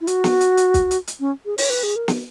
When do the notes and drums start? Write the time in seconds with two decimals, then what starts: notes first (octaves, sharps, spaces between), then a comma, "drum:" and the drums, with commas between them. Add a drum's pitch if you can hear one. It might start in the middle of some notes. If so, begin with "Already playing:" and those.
0.01 E4
0.07 F#4, drum: hi-hat
0.24 drum: snare
0.41 drum: hi-hat
0.57 drum: hi-hat
0.74 drum: kick, hi-hat
0.91 drum: hi-hat
1.07 drum: hi-hat
1.20 C#4
1.46 G#4
1.58 C#5, drum: open hi-hat
1.70 B4
1.83 G#4
1.96 A#4
2.08 drum: snare